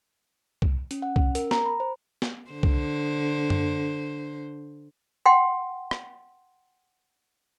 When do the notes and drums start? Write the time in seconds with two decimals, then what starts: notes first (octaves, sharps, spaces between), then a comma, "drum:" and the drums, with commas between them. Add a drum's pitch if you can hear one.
0.62 drum: kick C2
0.91 C#4, drum: hi-hat
1.02 F#5
1.16 C#4, drum: kick C2
1.35 A#4, drum: hi-hat
1.51 A#5, drum: snare
1.66 B5
1.80 C5
2.22 drum: snare
2.51 D3 C5
2.63 drum: kick C2
3.50 drum: tom F#2
5.26 F#5 G5 C6
5.91 drum: rim click